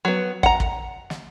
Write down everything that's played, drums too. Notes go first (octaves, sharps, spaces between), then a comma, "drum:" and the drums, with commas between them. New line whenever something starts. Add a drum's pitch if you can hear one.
F#3 B3
F#5 A#5, drum: kick
drum: kick
drum: snare